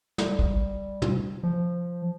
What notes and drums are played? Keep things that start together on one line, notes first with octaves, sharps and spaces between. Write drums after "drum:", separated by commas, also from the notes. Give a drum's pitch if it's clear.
G3, drum: snare
drum: kick
drum: tom
F3